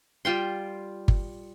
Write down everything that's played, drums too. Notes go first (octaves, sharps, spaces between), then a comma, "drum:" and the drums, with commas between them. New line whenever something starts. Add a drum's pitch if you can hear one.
G3 F4 G5 C6
drum: kick G1